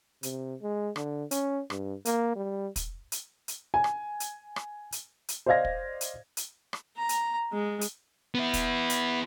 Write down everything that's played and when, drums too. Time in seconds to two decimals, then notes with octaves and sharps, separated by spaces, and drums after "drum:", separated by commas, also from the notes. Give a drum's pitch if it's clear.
0.23 C3, drum: hi-hat
0.62 G#3
0.96 D3, drum: rim click
1.31 C#4, drum: hi-hat
1.70 G2, drum: rim click
2.05 A#3, drum: hi-hat
2.36 G3
2.76 drum: kick, hi-hat
3.12 drum: hi-hat
3.48 drum: hi-hat
3.74 G#5
3.84 drum: rim click
4.20 drum: hi-hat
4.56 drum: rim click
4.92 drum: hi-hat
5.28 drum: hi-hat
5.46 C5 D5 D#5 F5 G#6 A#6
5.65 drum: kick
6.01 drum: hi-hat
6.37 drum: hi-hat
6.73 drum: rim click
6.97 A#5
7.09 drum: hi-hat
7.53 G#3
7.81 drum: hi-hat
8.35 B3 E4
8.53 drum: kick, hi-hat
8.90 drum: hi-hat